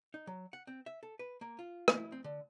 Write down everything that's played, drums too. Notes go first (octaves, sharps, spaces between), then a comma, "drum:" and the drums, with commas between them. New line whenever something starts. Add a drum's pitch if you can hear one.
D#4
F#3
F#5
C4
E5
A4
B4
A#3
F4
drum: rim click
E4
C4
D3